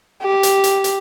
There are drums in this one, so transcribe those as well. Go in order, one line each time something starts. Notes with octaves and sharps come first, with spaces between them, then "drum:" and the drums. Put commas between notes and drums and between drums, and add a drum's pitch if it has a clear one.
G4
drum: hi-hat
drum: hi-hat
drum: hi-hat